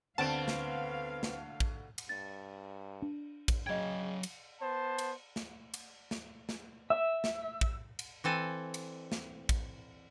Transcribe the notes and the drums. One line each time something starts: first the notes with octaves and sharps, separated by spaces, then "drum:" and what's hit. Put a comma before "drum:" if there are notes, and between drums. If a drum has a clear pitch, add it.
D2 D3 B3 C4 F5 A5 D7
drum: snare
drum: snare
drum: kick
drum: cymbal
G2 A6
D4
drum: kick, cymbal
C#3 F#3 D#5 G5 G#6
drum: cymbal
B3 C5 A5
drum: cymbal
drum: snare
drum: cymbal
drum: snare
drum: snare
E5
drum: snare
drum: kick
drum: cymbal
E3 C4 A4 G#5
drum: cymbal
drum: snare
drum: kick, cymbal